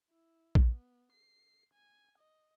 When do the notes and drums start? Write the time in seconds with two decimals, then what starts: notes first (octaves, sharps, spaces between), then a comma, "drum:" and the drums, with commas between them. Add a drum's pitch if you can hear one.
0.10 E4
0.55 drum: kick A#1
0.65 B3
1.12 C7
1.74 G#5
2.18 D#5